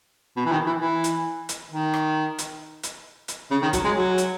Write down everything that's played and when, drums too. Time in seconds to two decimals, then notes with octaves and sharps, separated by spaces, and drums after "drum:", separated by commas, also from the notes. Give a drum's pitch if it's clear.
0.37 B2
0.46 E3
0.51 D#3
0.66 E3
0.81 E3
1.04 drum: hi-hat
1.49 drum: hi-hat
1.71 D#3
1.94 drum: rim click
2.38 drum: hi-hat
2.83 drum: hi-hat
3.28 drum: hi-hat
3.51 C#3
3.62 D#3
3.73 F#3, drum: kick, hi-hat
3.84 G#3
3.95 F#3
4.18 drum: hi-hat